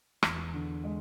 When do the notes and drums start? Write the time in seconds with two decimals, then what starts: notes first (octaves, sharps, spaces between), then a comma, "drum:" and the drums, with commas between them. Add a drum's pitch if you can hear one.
0.23 E2, drum: rim click
0.54 D3
0.84 G#3